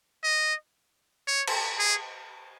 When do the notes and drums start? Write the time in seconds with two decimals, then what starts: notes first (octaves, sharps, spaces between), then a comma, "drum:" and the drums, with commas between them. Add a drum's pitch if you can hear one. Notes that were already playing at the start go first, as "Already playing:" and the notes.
0.23 D#5
1.27 C#5
1.48 drum: cymbal
1.79 G#4